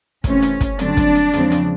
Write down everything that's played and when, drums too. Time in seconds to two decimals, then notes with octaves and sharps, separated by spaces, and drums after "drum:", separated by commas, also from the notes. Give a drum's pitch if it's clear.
0.24 C3 E3 A3 C4 C#4, drum: kick, hi-hat
0.42 drum: hi-hat
0.61 drum: kick, hi-hat
0.79 G2 D3 F#3 A3 C4 D4, drum: hi-hat
0.97 drum: kick, hi-hat
1.15 drum: hi-hat
1.33 E2 C#3 F3 G#3 C4, drum: hi-hat
1.52 drum: hi-hat